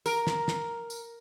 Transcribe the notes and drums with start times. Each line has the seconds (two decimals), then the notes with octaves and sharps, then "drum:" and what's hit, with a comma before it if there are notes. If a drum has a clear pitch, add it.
0.06 A#4, drum: tambourine
0.27 drum: snare
0.48 drum: snare
0.90 drum: tambourine